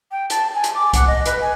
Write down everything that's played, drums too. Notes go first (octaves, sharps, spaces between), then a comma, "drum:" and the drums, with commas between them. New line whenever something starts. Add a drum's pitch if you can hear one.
G5
A5, drum: hi-hat
G#5
drum: hi-hat
D6
F#5, drum: kick C2, hi-hat
D#5
B4, drum: hi-hat
G#5